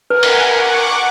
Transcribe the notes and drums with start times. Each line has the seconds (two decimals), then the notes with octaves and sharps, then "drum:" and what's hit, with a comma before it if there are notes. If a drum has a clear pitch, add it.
0.10 A#4 B4 F#5 G#5
0.23 drum: cymbal
0.50 F#5 C#6 D6